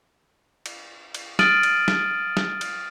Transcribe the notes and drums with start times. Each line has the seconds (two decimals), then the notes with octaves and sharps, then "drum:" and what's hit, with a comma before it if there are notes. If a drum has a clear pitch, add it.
0.66 drum: cymbal
1.14 drum: cymbal
1.39 D#6 F6 A6 D7 D#7 F#7, drum: snare
1.63 drum: cymbal
1.88 drum: snare
2.37 drum: snare
2.61 drum: cymbal